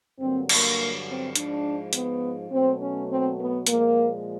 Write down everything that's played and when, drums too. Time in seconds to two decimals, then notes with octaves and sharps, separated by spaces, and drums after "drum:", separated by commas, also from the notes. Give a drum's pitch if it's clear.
0.20 G2 D3 F#3 A#3 C4
0.49 A#3, drum: cymbal
1.07 C4
1.35 G#2 F3 G#3 D4, drum: hi-hat
1.93 B3, drum: hi-hat
2.51 B2 F#3 A3 C4
2.79 C#4
3.08 C4
3.37 B3
3.67 A#2 F3 G#3 A#3, drum: hi-hat